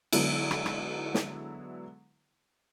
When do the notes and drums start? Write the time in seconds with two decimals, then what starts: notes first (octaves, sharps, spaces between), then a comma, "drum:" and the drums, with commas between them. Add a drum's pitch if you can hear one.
0.13 D3 F#3 G#3 B3 E4, drum: cymbal
0.51 drum: rim click
0.66 drum: rim click
1.14 drum: snare